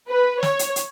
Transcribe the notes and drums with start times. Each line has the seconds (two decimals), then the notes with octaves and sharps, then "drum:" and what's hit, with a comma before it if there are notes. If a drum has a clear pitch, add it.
0.10 B4
0.43 C#5, drum: snare
0.59 drum: hi-hat
0.76 drum: hi-hat